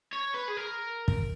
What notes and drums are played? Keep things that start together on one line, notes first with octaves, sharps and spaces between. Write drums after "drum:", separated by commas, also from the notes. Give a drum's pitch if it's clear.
C#5
B4
G#4
A#4
drum: kick